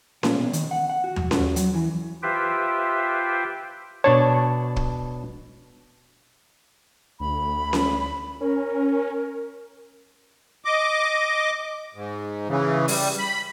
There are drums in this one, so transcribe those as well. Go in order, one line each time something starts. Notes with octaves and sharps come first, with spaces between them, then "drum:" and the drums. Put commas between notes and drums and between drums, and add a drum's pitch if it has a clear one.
A#2, drum: snare C#4
B2
D#3, drum: hi-hat
F#5
F#5
F#4
drum: tom D#2
F#4, drum: snare C#4
F#3, drum: hi-hat
E3
F4 G4 B4 C5 E5 G5
B2 D4 C#5 A5
drum: kick
D2 B5
drum: snare C#4
C#4 A#4
D#5 D6
G#2
C#3 E3
G3, drum: open hi-hat
B5